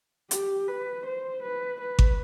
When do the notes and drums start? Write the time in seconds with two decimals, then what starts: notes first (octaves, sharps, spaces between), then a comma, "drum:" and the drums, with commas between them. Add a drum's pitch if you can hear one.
0.31 G4, drum: hi-hat
0.68 B4
1.06 C5
1.43 B4
1.81 B4
1.99 drum: kick G#1